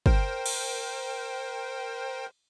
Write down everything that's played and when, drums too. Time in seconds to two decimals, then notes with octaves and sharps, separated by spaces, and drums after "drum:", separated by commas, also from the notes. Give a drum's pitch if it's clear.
0.06 A#4 C5 G5, drum: kick
0.46 drum: cymbal